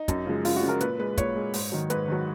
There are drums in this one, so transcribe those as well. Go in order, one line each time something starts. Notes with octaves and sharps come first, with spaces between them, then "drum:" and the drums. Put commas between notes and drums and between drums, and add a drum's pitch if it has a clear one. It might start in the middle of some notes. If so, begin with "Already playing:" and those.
Already playing: D#4
F#2, drum: kick, hi-hat
C#3 F3 G#3
F#2 F4, drum: open hi-hat
F#4
C#3 F3 G#3
A#4
A#2 B4, drum: hi-hat
G#3 B4
A#2 C#5, drum: kick, hi-hat
G#3
G#2, drum: open hi-hat
D#3 F#3
G#2 B4, drum: hi-hat
D#3 F#3